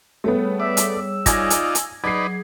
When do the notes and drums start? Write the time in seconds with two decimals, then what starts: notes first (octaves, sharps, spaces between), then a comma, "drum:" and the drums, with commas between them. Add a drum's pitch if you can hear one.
0.24 G3 A3 B3 G#4 C#5
0.60 D5 E5
0.77 drum: hi-hat
0.96 E6
1.26 D#4 F4 D5 G#5 G#6 A#6, drum: kick, hi-hat
1.50 drum: hi-hat
1.75 drum: hi-hat
2.04 F#3 D#4 G#4 B4 D5 G#6 C7